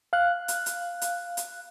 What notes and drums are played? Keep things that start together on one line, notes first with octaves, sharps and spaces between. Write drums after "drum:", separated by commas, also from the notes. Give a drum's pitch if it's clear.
F5 F#6
drum: hi-hat
drum: hi-hat
drum: hi-hat
drum: hi-hat